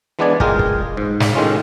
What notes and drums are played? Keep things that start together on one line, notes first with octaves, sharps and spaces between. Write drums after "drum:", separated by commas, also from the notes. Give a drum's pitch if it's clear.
E3 G#3 B3 D4 D5 G#5
G#3 F4 G#4 A#4 G5 G#5, drum: kick
drum: kick
G#2
drum: snare
A2 D#3 G#3 C#4 F4